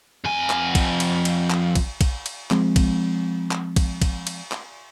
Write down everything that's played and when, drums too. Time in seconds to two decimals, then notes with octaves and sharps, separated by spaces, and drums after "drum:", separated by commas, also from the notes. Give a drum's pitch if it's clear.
0.25 F2 G#5
0.50 drum: clap
0.75 drum: kick, cymbal
1.00 drum: cymbal
1.25 drum: cymbal
1.50 drum: clap
1.75 drum: kick, cymbal
2.01 drum: kick, cymbal
2.26 drum: cymbal
2.51 F3 G#3 C4, drum: clap
2.76 drum: kick, cymbal
3.51 drum: clap
3.76 drum: kick, cymbal
4.02 drum: kick, cymbal
4.27 drum: cymbal
4.52 drum: clap